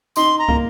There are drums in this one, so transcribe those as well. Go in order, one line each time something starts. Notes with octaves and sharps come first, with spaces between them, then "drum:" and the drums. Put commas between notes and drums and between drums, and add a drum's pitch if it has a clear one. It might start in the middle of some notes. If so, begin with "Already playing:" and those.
D#4 C6, drum: tambourine
A#5
A#3, drum: kick